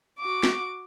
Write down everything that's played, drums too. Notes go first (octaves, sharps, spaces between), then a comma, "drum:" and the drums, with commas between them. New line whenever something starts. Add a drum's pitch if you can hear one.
F#4 D6
drum: snare